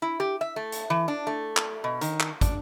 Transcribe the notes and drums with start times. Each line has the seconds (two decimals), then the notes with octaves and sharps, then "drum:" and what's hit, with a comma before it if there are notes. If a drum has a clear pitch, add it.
0.02 E4
0.20 G4
0.41 E5
0.56 A3
0.72 drum: hi-hat
0.90 E3
1.08 D4
1.27 A3
1.57 drum: clap
1.84 B2
2.01 D#3, drum: hi-hat
2.20 drum: clap
2.41 D4, drum: kick, hi-hat